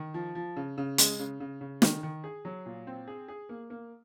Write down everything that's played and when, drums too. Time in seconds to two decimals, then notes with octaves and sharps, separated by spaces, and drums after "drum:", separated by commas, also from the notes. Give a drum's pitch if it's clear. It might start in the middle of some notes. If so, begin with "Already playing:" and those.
Already playing: D#3
0.14 F3
0.35 F3
0.56 C#3
0.78 C#3
0.98 G#3, drum: hi-hat
1.19 C#3
1.40 C#3
1.61 C#3
1.82 D#3, drum: snare
2.03 D#3
2.24 G#4
2.45 F#3
2.66 A#2
2.87 C4
3.08 G#4
3.28 G#4
3.49 A#3
3.70 A#3